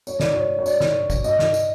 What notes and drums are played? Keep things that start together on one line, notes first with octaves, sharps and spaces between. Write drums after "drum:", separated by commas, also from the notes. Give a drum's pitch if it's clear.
C#5, drum: tambourine
D5, drum: snare
C#5
C#5
D5, drum: tambourine
drum: snare
drum: kick, tambourine
D#5, drum: tambourine
drum: snare
drum: tambourine